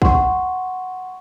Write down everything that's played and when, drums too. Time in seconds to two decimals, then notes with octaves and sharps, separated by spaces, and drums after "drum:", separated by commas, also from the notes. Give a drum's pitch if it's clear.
0.02 F#5 C6 C#6, drum: kick